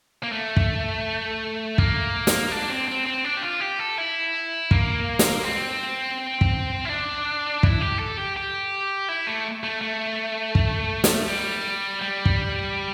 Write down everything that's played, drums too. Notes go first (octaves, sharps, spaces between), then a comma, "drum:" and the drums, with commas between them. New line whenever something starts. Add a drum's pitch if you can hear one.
A#3
A3
drum: kick
A#3, drum: kick
drum: snare
D4
C4
C4
C4
D4
G4
F4
G4
A4
E4
A#3, drum: kick
drum: snare
C4
drum: kick
E4
D4
E4, drum: kick
G4
A4
G4
G4
E4
A3
A3
A3
drum: kick
drum: snare
G3
G3
drum: kick